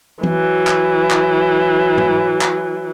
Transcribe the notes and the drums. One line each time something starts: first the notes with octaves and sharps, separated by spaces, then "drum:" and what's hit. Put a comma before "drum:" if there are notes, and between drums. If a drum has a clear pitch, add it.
E3 F#3, drum: tom
drum: clap
drum: clap
drum: tom
drum: clap